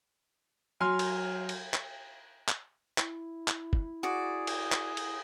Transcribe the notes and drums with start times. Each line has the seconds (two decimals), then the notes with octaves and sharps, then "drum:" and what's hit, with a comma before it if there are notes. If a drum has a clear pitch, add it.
0.80 F#3 G#5 C6 F6
0.99 drum: cymbal
1.49 drum: cymbal
1.74 drum: clap
2.48 drum: clap
2.98 E4, drum: clap
3.48 drum: clap
3.73 drum: kick
4.03 F#4 G#4 D5
4.47 drum: cymbal
4.72 drum: clap
4.97 drum: cymbal